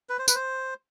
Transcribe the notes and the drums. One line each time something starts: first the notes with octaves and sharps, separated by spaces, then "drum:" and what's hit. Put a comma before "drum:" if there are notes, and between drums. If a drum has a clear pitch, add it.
B4
C5
B4, drum: tambourine
C5